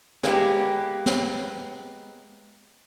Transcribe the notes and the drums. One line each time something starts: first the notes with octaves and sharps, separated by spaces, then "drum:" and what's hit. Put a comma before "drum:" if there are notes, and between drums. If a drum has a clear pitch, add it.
G#3 A#3 B3 G4, drum: snare
drum: snare